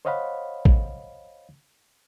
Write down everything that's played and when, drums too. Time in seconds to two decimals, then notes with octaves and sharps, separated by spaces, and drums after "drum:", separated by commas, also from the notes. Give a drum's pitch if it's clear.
0.05 C5 C#5 D#5 F5 F#5 B5
0.65 drum: kick